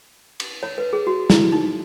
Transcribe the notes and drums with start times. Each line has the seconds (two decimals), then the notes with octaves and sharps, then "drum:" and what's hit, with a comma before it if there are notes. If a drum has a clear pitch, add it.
0.40 drum: cymbal
0.63 C#5
0.78 B4
0.93 G#4
1.07 F#4
1.30 E4, drum: snare
1.52 D#4